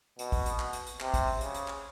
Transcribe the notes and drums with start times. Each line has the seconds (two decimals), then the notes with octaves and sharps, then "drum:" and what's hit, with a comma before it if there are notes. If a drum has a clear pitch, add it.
0.19 B2, drum: hi-hat
0.32 drum: kick, open hi-hat
0.46 drum: hi-hat
0.59 drum: clap
0.73 drum: hi-hat
0.87 drum: hi-hat
1.00 C3, drum: clap
1.14 drum: kick, hi-hat
1.27 drum: open hi-hat
1.41 C#3, drum: hi-hat
1.54 drum: hi-hat
1.68 drum: clap